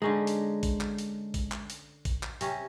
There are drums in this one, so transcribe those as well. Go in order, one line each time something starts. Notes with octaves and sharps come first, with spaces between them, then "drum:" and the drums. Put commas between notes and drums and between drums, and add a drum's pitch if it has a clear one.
D3 G#3 C#4 D#4
drum: open hi-hat
drum: kick A1, open hi-hat
drum: clap
drum: open hi-hat
drum: kick A1, open hi-hat
drum: clap
drum: open hi-hat
drum: kick A1, open hi-hat
drum: clap
C3 C#4, drum: open hi-hat